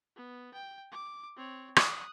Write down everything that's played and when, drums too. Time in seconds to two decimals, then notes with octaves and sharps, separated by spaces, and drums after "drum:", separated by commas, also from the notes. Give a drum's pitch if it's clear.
0.16 B3
0.54 G5
0.91 D6
1.36 C4 C#5
1.76 D#6 F#6, drum: rim click